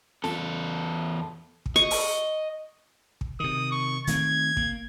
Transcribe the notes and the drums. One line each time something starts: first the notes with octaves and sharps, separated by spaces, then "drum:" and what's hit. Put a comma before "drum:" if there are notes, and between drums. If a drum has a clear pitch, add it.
E2 A4, drum: snare
drum: kick
D#5 C#6
drum: open hi-hat
drum: kick
C3 D#3 D#6
C#6
D#3 A3 C4 G#6, drum: hi-hat
A#3, drum: kick